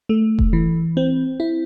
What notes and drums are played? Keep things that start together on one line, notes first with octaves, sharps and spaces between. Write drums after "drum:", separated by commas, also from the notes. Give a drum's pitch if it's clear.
A3
drum: kick E1
E3
C4
E4